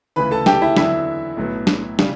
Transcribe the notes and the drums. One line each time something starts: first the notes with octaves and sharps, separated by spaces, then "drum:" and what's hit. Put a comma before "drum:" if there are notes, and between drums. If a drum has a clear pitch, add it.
D2 C#3 E3 B4 B5
A4 A5
G4 G5, drum: snare
E4 E5
E2 D3 F#3 B3 E4 E5, drum: snare
B1 A2 F#3 B3
drum: snare
C#3 G3, drum: snare